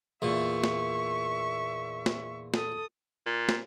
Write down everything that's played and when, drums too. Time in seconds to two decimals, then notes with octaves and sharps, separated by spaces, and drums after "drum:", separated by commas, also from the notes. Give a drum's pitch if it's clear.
0.22 E2 A#2 E5 C#6
0.64 drum: snare
2.06 drum: snare
2.54 A4 D#6, drum: snare
3.26 A#2
3.49 drum: snare